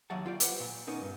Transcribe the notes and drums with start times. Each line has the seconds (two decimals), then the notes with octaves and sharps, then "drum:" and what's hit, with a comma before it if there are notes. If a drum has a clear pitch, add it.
0.10 D#2 F#3 E5 F#5 A5
0.26 F4 G4 D5
0.40 G4 B4 C5 F#5, drum: hi-hat
0.60 A#2
0.87 B3 C#4 D#4 A#4
1.02 G2